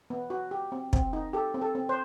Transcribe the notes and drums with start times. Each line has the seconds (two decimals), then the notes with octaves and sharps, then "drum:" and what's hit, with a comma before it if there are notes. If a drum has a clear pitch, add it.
0.10 B3
0.30 F#4
0.51 G4
0.72 C4
0.93 C4, drum: kick
1.13 D#4
1.33 G4 A4
1.54 C4
1.61 A4
1.75 C4
1.89 C5